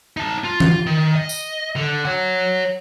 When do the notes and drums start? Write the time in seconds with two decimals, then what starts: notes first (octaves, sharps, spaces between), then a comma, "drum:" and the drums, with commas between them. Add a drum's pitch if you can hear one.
0.17 D#4 A5
0.44 F4
0.60 drum: tom E3
0.86 D#3
1.15 D#5
1.29 drum: tambourine
1.76 D3
2.05 C#5 F#5